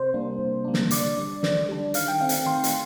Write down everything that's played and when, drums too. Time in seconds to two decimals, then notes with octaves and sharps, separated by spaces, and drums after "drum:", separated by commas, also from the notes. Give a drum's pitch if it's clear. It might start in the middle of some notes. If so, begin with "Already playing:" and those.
Already playing: C3 C5
0.14 G3 A#3 D4
0.39 C3
0.64 G3 A#3 D4
0.74 drum: snare
0.91 D3 D5, drum: hi-hat
1.17 G3 D4
1.43 D3, drum: snare
1.69 G3 D4
1.94 D#3 F5, drum: hi-hat
2.08 G5
2.20 A3 C4 F5
2.29 drum: hi-hat
2.46 D#3 C6
2.64 drum: hi-hat